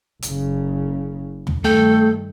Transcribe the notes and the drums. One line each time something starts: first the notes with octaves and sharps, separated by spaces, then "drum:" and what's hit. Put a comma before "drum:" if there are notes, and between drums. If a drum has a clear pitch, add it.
F#1 C#3, drum: hi-hat
drum: tom
G2 D#3 A3 A4 G5